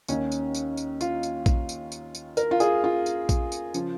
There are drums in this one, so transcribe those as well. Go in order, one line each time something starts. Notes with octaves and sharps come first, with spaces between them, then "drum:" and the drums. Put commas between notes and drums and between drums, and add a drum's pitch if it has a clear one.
D#2 D#3 C#4, drum: tambourine
drum: tambourine
drum: tambourine
drum: tambourine
F4, drum: tambourine
drum: tambourine
drum: kick A#1, tambourine
drum: tambourine
drum: tambourine
drum: tambourine
A#4, drum: tambourine
F4
G#4, drum: tambourine
F4
drum: tambourine
drum: kick A#1, tambourine
drum: tambourine
C#3 F3, drum: tambourine